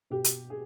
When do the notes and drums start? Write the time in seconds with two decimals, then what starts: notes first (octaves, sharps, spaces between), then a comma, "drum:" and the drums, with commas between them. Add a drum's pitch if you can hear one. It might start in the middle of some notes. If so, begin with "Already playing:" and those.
0.10 B2 G4
0.24 drum: hi-hat
0.50 G#4